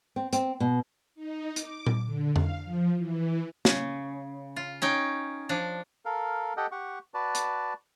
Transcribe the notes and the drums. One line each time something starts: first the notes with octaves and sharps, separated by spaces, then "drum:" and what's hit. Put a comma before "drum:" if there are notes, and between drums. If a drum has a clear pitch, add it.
C4
C4, drum: hi-hat
B2
D#4
D6, drum: hi-hat
drum: tom A#2
D3
F5, drum: tom F2
F3
E3
C#3, drum: snare
F4
C#4 D#4 G5
F3 D4
A4 A#4 F5
G4 A4 D#5 F#5 G5
G4 F#5 C#6
F#4 B4 D5 A5
drum: hi-hat